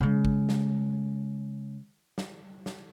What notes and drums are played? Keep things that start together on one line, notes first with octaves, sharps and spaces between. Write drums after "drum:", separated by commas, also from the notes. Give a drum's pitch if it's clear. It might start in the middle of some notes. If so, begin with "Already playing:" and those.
C#3 G#3
drum: kick A1
drum: snare
drum: snare
drum: snare